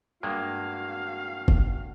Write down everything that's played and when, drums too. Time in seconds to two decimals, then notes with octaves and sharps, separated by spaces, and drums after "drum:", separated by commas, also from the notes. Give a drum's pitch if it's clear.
0.23 G2 G#3 A#3 F#4 F5
1.48 drum: kick